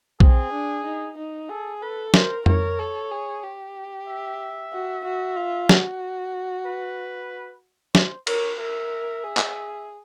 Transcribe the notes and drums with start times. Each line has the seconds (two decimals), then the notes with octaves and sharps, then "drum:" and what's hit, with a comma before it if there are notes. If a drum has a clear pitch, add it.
0.20 C4 G#4, drum: kick
0.53 D4
0.85 D#4
1.17 D#4
1.50 G#4 A4
1.82 A4 B4
2.14 A#4 C5, drum: snare
2.46 A#4 C#5, drum: tom F2
2.79 A4
3.11 G#4
3.44 G4
4.07 E5
4.72 F#4
5.05 F#4
5.36 F4
5.69 F#4, drum: snare
6.66 B4
7.95 C5, drum: snare
8.27 A#4 C#5, drum: cymbal
8.59 A#4 E5
9.24 G#4
9.37 drum: clap